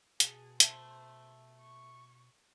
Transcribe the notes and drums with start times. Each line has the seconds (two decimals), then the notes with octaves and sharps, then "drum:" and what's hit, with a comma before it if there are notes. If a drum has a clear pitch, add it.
0.20 B2 F#4 G#4 A5, drum: hi-hat
0.60 A3 C5, drum: hi-hat
1.60 C#6